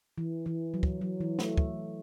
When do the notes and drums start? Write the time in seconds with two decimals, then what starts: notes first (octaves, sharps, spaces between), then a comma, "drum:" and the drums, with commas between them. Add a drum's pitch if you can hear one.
0.18 E3
0.46 E3
0.74 F#3
0.83 drum: kick
1.01 F#3
1.21 E3
1.39 A3, drum: snare
1.57 drum: kick